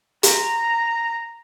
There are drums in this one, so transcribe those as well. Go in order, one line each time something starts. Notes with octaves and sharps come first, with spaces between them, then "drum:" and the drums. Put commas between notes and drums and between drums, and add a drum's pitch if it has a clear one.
A#5, drum: hi-hat